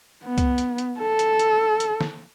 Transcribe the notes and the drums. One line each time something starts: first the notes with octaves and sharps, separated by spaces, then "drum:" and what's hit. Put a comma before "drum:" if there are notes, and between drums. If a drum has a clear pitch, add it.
B3
drum: kick, hi-hat
drum: hi-hat
drum: hi-hat
A4
drum: hi-hat
drum: hi-hat
drum: hi-hat
drum: snare